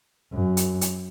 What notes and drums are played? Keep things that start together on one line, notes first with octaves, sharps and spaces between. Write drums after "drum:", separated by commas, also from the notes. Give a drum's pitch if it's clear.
F#2
drum: hi-hat
drum: hi-hat